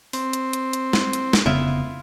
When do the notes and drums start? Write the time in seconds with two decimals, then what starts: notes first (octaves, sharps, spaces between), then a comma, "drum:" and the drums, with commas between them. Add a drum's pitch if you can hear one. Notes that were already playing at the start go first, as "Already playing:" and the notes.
0.13 C4, drum: open hi-hat
0.33 drum: hi-hat
0.53 drum: hi-hat
0.73 drum: hi-hat
0.93 drum: snare
1.13 drum: hi-hat
1.33 drum: snare
1.46 F1 C#3 B3 E4 F4 E5